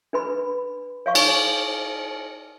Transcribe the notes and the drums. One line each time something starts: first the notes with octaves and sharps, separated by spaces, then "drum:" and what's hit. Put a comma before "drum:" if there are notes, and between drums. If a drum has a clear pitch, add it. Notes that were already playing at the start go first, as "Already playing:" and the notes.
D4 B4 B5
C#5 F5 C#6
drum: cymbal